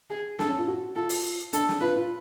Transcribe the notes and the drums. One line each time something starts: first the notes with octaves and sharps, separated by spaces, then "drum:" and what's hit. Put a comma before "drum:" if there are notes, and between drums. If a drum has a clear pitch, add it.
G#4
D4 A4, drum: snare
C#4
F4
F#4
F4 A4
drum: open hi-hat
D4 A4, drum: hi-hat
drum: snare
F4 B4
F4